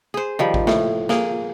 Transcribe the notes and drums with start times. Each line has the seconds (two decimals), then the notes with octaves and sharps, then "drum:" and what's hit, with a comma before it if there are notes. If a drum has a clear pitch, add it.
0.14 G#4 C5
0.39 D#3 F3 G3
0.54 drum: kick A1
0.67 A2, drum: snare
1.09 A#3 G#4, drum: snare